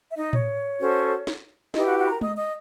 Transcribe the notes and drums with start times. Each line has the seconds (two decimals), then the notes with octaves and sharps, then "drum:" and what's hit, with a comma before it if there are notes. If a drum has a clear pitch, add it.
0.11 E5
0.17 D#4 D#5
0.33 C#5, drum: tom A2
0.80 C#4 F#4 A4 C5
1.27 drum: snare
1.74 D#4 E4 G4 B4 D#5, drum: snare
1.86 F#4 F#5
1.98 F#4 F#5
2.06 B5
2.10 A#4 A#5
2.21 D#5 D#6, drum: tom G#3
2.37 D#5 D#6